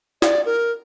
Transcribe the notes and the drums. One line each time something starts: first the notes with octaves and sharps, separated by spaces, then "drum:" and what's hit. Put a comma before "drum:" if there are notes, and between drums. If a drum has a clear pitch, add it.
D5, drum: snare
A#4